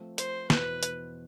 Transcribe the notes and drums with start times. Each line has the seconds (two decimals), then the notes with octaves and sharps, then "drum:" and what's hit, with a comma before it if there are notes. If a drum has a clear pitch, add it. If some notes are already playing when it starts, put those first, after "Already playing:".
Already playing: F3 A3 C4
0.18 C5, drum: hi-hat
0.50 E2 B2 B3 E4 B4, drum: snare
0.83 drum: hi-hat